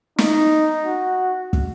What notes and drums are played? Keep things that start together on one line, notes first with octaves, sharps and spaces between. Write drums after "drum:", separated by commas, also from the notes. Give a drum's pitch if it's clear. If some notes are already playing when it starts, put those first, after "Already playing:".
D#4, drum: snare
F#4
drum: kick